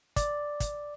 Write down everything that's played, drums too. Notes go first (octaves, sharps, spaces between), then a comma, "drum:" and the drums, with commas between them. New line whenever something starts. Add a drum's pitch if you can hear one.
D5, drum: kick, hi-hat
drum: kick, hi-hat